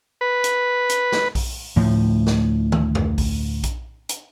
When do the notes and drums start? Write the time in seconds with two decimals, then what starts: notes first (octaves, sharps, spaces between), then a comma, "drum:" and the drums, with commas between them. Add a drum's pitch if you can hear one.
0.21 B4
0.44 drum: hi-hat
0.89 drum: hi-hat
1.12 drum: snare
1.35 drum: kick A#1, open hi-hat
1.76 D2 A2 F3
2.27 drum: snare
2.72 drum: tom
2.95 drum: tom F2
3.18 drum: kick A#1, open hi-hat
3.64 drum: kick A#1, hi-hat
4.09 drum: hi-hat